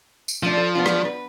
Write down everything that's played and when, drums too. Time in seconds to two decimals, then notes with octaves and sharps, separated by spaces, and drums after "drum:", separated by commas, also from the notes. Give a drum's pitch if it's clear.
0.28 drum: tambourine
0.43 D3 F3 A3 D4
0.57 A4
0.75 B3 D4 F4
0.86 drum: rim click
1.05 B4